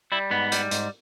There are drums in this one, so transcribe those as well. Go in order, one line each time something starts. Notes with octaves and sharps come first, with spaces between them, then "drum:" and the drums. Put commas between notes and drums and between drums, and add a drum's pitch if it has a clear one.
G3 E4
G#2 B3
G3, drum: hi-hat
G#2, drum: hi-hat